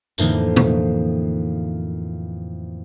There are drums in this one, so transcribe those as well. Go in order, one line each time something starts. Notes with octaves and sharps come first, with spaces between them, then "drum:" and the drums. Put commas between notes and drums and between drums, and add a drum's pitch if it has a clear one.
F2 A2 D3 E3 A#3 D#4, drum: tambourine
drum: tom